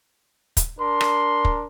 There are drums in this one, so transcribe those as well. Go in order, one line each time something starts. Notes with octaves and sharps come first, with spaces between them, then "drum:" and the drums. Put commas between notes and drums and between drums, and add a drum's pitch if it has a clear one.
drum: kick, hi-hat
D4 A#4 C6
drum: rim click
drum: kick